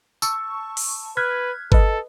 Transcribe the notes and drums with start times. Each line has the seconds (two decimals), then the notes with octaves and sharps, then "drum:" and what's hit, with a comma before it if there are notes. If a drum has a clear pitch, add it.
0.22 A5 C#6 E6, drum: tambourine
0.77 drum: open hi-hat
1.17 B4 F6 F#6 G#6 B6
1.72 A4 B4 D#5, drum: kick G1